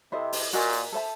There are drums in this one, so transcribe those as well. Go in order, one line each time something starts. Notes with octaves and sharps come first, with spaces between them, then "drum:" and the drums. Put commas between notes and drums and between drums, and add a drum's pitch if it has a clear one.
C3 E4 A4 C5 D#5
drum: open hi-hat
A#2 F#4 A#4 D#5 G#5, drum: hi-hat
drum: hi-hat
A4 C5 E5 A5